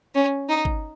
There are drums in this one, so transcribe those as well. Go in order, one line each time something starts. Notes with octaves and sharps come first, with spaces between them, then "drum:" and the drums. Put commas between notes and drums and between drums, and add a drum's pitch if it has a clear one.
C#4
D#4
drum: kick